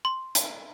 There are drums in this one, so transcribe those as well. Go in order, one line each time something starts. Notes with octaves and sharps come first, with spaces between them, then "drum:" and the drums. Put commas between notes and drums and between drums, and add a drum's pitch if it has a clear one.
C6
drum: hi-hat